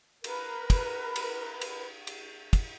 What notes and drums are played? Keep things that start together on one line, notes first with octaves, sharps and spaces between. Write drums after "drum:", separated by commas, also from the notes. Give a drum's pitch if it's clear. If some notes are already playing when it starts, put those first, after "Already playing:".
A#4 B4 B5, drum: cymbal
drum: kick, cymbal
drum: cymbal
drum: cymbal
drum: cymbal
drum: kick, cymbal